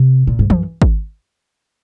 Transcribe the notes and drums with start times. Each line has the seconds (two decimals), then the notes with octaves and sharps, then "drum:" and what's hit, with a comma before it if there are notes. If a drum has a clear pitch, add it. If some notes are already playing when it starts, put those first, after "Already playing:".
Already playing: C3
0.27 A#2
0.39 G#2
0.50 F#2, drum: tom E3
0.82 drum: kick G#1